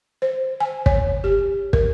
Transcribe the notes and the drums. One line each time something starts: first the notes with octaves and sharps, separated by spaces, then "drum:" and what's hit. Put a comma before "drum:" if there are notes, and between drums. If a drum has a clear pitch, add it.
C5
G#5
C#5, drum: kick
G4
A#4, drum: kick